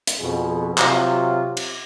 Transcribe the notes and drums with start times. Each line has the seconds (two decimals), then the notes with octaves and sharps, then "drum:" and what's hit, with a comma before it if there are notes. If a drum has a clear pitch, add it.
0.07 drum: hi-hat
0.19 F2 B2 G#4
0.78 C3 F#3 F4, drum: clap
1.57 drum: cymbal